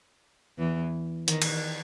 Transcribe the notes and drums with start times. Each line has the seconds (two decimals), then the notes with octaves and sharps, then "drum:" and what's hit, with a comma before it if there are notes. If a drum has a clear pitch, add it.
0.59 E2 E3
1.28 D#3, drum: hi-hat
1.42 drum: cymbal